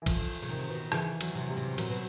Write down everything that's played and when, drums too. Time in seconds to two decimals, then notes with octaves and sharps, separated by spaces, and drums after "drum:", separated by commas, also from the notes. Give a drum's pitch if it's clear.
0.02 E3
0.06 D3 F3, drum: kick, cymbal
0.42 C#3
0.48 C3 D#3
0.70 B2
0.92 C#3 E3, drum: rim click
1.21 F#3, drum: cymbal
1.35 C3
1.50 G3
1.57 C3
1.78 A#2 F#3, drum: cymbal
1.89 B2